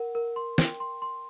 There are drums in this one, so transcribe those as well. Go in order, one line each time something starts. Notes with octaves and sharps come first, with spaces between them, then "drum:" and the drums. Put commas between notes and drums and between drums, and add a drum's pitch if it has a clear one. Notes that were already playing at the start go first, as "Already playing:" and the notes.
Already playing: A#4 F#5
A#4
C6
G5, drum: snare
C6
C6